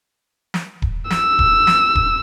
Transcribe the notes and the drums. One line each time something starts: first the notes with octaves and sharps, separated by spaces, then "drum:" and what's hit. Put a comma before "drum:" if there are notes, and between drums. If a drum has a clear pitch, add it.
drum: snare
drum: kick D#1
E6, drum: snare
drum: kick D#1
drum: snare
drum: kick D#1